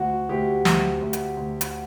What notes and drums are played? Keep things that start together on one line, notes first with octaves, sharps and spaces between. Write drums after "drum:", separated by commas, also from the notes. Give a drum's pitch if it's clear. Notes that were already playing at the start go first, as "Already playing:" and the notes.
Already playing: D2 F#4
D2 G4
D2, drum: snare
D2
drum: hi-hat
D2
drum: hi-hat